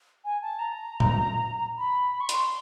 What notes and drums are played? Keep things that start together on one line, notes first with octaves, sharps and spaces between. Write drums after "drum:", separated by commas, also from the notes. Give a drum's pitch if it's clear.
G#5
A5
A#5
drum: tom A#2
B5
C#6
C6, drum: hi-hat